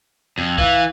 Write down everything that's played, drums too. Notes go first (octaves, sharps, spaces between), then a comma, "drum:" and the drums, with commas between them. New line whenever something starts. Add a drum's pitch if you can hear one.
F2
E3 F5, drum: kick C2